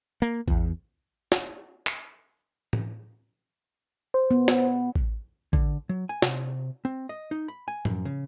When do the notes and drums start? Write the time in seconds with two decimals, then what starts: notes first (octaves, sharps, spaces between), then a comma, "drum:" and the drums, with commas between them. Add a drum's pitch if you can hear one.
0.22 A#3
0.48 E2, drum: kick
1.32 drum: snare
1.87 drum: clap
2.73 drum: tom A2
4.14 C5
4.31 B3
4.48 drum: snare
4.95 drum: kick
5.53 D3, drum: kick
5.89 F#3
6.09 G#5
6.22 C3, drum: snare
6.85 C4
7.09 D#5
7.31 D#4
7.48 B5
7.68 G#5
7.85 F#2, drum: tom
8.05 C#3